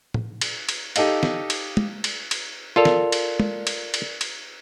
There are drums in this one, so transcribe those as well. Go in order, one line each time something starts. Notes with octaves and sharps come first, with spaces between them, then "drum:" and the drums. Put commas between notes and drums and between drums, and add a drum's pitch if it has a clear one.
drum: tom
drum: cymbal
drum: cymbal
D#4 G4 A4 D#5 F5, drum: cymbal
drum: snare
drum: cymbal
drum: tom
drum: cymbal
drum: cymbal
F4 A4 A#4 D5 F7
drum: snare
drum: cymbal
drum: tom
drum: cymbal
drum: cymbal
drum: cymbal